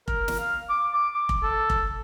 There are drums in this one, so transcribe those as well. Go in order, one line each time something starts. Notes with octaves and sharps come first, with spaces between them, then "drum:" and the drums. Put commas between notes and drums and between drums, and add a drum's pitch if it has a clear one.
A#4, drum: kick F1
drum: snare
F5
D6
D6
D6
drum: kick F1
A4
drum: kick F1